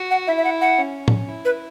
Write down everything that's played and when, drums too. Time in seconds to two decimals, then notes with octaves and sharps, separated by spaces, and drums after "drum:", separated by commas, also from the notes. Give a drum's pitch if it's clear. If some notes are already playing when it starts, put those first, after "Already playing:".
Already playing: F#4
0.11 F#5
0.27 E4 E5
0.38 E5
0.44 F#5
0.61 F#5
0.78 C#4
1.08 drum: tom A2
1.28 E4
1.45 B4